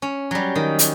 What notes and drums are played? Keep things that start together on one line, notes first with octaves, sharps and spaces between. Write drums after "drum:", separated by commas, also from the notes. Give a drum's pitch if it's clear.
C#4
F#3 G3
D#3
drum: hi-hat